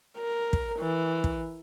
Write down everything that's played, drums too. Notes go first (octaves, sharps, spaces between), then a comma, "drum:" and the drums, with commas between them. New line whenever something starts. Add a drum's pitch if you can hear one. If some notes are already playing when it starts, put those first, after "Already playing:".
A#4
drum: kick
E3
drum: kick